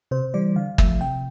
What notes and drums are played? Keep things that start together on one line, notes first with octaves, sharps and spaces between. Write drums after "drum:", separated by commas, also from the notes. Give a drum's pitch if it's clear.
C3 C5
E3 G3 D5
D3 F5
F3 A3 E5, drum: kick
C3 G5